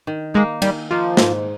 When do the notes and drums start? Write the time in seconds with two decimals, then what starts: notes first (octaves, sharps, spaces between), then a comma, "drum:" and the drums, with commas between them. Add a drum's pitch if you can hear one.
0.07 D#3
0.34 G#3 A#3 D#4
0.62 D#3 G3, drum: cymbal
0.91 F3 A#3 D#4
1.17 G#2, drum: snare